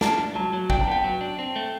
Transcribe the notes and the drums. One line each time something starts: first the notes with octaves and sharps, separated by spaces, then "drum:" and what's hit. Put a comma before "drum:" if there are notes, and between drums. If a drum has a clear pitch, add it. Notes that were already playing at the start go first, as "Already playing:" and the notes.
D4 A5, drum: snare
G2
F#3 A5
F#3
D4 G5, drum: kick
A5
B3 G5
F#3
D4
C4
A3